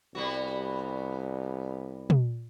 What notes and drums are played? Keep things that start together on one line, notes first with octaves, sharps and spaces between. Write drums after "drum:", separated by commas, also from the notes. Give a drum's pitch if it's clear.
C2 G3 B3 F#4
drum: tom